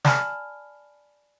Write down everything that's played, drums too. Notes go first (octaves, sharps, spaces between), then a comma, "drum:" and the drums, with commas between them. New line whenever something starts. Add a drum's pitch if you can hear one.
D5 G#5 A5 B5 F6, drum: snare